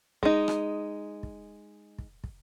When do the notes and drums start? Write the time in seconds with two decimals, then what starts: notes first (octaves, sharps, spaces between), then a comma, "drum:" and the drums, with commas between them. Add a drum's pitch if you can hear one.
0.23 G#3 D#4, drum: kick
0.48 drum: rim click
1.23 drum: kick
1.98 drum: kick
2.24 drum: kick